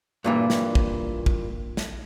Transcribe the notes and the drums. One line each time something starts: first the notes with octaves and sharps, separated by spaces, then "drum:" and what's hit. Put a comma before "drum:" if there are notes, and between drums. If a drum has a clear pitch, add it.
G2 A#2 E3
drum: snare
drum: kick
drum: kick
drum: snare